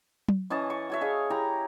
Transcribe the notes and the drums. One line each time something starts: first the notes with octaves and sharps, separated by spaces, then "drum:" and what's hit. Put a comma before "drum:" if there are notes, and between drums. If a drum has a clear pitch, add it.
drum: tom F#3
E3 C#4 D#5 A5
C#6
F#4 C#5 E5
G#4 D#5 F5
E4 G4 A#5